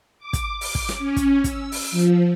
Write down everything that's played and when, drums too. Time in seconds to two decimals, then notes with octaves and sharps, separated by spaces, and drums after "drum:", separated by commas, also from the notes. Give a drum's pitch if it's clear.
0.19 D6
0.33 drum: kick, hi-hat
0.61 drum: open hi-hat
0.75 drum: kick
0.89 drum: snare
0.98 C#4
1.16 drum: kick, hi-hat
1.44 E6, drum: kick, hi-hat
1.72 drum: open hi-hat
1.91 F3